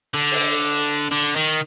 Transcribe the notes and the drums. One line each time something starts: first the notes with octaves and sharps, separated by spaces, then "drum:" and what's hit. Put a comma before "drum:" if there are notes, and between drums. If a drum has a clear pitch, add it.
D3
drum: open hi-hat
D3
D#3